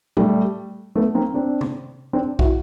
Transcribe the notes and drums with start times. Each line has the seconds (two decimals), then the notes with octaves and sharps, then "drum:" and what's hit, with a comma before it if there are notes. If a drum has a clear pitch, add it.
0.17 G3 A3, drum: tom A#2
0.95 A3 B3
1.15 A#3 C4
1.34 C4 D4
1.61 drum: tom C3
2.13 C4 D4
2.39 E4 F#4, drum: kick B1